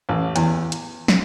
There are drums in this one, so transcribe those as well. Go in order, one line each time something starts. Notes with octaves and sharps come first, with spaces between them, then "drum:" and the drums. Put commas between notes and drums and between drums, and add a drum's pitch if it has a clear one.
A1
E2, drum: hi-hat
drum: hi-hat
drum: snare